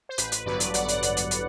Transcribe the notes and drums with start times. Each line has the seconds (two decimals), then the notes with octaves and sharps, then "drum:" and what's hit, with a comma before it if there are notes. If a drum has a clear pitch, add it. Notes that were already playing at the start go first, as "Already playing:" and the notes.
0.09 C5
0.18 A1 B4, drum: hi-hat
0.32 drum: hi-hat
0.46 G2 D3 F#3 B3 B4 D5
0.60 drum: hi-hat
0.74 A1 D5 F#5, drum: hi-hat
0.89 drum: hi-hat
1.03 drum: hi-hat
1.17 drum: hi-hat
1.31 drum: hi-hat